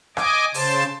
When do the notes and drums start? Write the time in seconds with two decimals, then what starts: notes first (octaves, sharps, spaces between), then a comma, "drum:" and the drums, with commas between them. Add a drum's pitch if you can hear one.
0.17 D#5 G#5 D6, drum: rim click
0.54 C#3 C5 A5, drum: open hi-hat